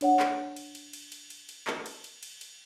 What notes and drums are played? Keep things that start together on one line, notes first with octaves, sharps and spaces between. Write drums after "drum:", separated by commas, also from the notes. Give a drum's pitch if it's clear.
D4 C#5 F#5, drum: cymbal
drum: clap
drum: cymbal
drum: cymbal
drum: cymbal
drum: cymbal
drum: cymbal
drum: cymbal
drum: clap
drum: cymbal
drum: cymbal
drum: cymbal
drum: cymbal